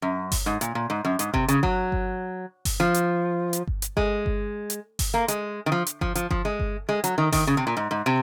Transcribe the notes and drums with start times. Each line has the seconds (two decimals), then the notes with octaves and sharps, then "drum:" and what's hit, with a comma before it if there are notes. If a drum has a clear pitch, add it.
0.02 F#2
0.32 drum: kick G1, open hi-hat
0.46 G#2
0.61 A#2, drum: hi-hat
0.75 A#2
0.90 G#2
1.05 F#2
1.19 G#2, drum: hi-hat
1.34 C3, drum: kick G1
1.48 C#3, drum: hi-hat
1.63 F#3, drum: kick G1
1.92 drum: kick G1
2.65 drum: kick G1, open hi-hat
2.80 F3
2.94 drum: hi-hat
3.53 drum: hi-hat
3.67 drum: kick G1
3.82 drum: hi-hat
3.97 G#3, drum: kick G1
4.26 drum: kick G1
4.70 drum: hi-hat
4.99 drum: kick G1, open hi-hat
5.14 A#3
5.28 G#3, drum: hi-hat
5.66 D#3
5.72 F3
5.87 drum: hi-hat
6.01 F3, drum: kick G1
6.15 F3, drum: hi-hat
6.31 F3, drum: kick G1
6.45 G#3
6.60 drum: kick G1
6.89 G#3
7.04 F#3, drum: hi-hat
7.18 D#3
7.32 D#3, drum: kick G1, open hi-hat
7.47 C#3
7.57 C3
7.67 A#2
7.77 G#2
7.91 G#2
8.06 C3